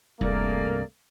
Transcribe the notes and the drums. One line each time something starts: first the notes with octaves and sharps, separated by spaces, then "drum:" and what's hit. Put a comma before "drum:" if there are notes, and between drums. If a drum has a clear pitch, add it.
C2 G2 A3 A#3 G#4 A#4 D5, drum: kick E1